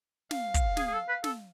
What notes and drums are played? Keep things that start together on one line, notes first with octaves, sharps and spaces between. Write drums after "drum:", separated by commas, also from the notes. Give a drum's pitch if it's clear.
F5, drum: snare
drum: kick, hi-hat
G#4, drum: snare
G#4
A4
B4
A4, drum: snare